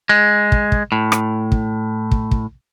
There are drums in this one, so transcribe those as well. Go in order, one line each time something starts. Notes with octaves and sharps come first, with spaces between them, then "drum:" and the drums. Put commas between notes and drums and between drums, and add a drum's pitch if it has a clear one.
G#3
drum: kick
drum: kick
A2
drum: rim click
drum: kick
drum: kick
drum: kick